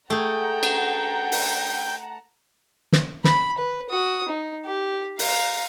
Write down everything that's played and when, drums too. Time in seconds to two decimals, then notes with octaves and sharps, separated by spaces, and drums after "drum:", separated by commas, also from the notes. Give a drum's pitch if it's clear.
0.10 A3 G#4 F#5 G5 A5 A#5
0.63 drum: cymbal
1.32 drum: open hi-hat
2.92 drum: snare
3.24 B5, drum: snare
3.58 B4
3.89 F#4 D#6
4.29 D#4
4.66 G4
5.19 F5 A#5, drum: open hi-hat